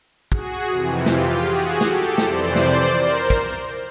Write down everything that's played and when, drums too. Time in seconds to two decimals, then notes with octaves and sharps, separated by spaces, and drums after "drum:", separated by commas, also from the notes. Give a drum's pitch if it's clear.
0.32 F#4 G#4, drum: kick
0.69 F2 C3 E3
1.06 F4 G4, drum: snare
1.43 F#4 G#4
1.81 G4 A4, drum: snare
2.18 F2 C3 E3 C5 D5, drum: snare
2.56 drum: snare
2.93 A#4 C5
3.30 drum: kick